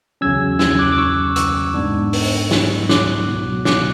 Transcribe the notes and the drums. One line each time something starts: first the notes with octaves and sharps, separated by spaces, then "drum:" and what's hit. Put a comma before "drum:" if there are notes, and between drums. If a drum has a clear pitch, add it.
E2 C#3 F#3 C#4 E6 G#6
E6 G#6, drum: snare
G#6
D6 F#6
D6
C#6 E6
C#6 E6, drum: hi-hat
G#2 G#3 B3 D4
drum: open hi-hat
drum: snare
D6 F#6, drum: snare
B2 F#3 B3
D6 F#6, drum: snare